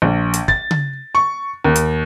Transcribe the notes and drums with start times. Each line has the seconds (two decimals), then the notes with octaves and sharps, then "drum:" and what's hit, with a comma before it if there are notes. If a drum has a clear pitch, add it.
0.02 A#1
0.34 drum: hi-hat
0.48 A6, drum: kick
0.71 drum: tom C#3
1.15 C#6
1.65 D#2
1.76 drum: hi-hat